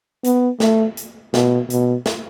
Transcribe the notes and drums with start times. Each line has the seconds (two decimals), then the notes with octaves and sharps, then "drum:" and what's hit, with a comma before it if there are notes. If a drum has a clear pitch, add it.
0.24 B3, drum: hi-hat
0.60 A3, drum: snare
0.97 drum: hi-hat
1.34 B2, drum: snare
1.70 B2, drum: hi-hat
2.06 drum: snare